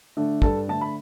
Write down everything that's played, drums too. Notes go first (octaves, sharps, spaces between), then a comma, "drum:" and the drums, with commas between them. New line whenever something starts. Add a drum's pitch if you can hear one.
D3 A3 D4
G2 A4 A5, drum: kick
D3 A3 D4 A5
B5